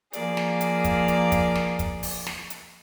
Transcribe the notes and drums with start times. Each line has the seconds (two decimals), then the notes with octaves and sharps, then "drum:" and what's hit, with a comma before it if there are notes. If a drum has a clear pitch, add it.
0.13 F3 A#3 G#4 D5, drum: hi-hat
0.37 drum: snare
0.61 drum: hi-hat
0.84 drum: kick, hi-hat
1.08 drum: hi-hat
1.32 drum: kick, hi-hat
1.55 drum: snare
1.79 drum: kick, hi-hat
2.03 drum: open hi-hat
2.26 drum: snare
2.50 drum: hi-hat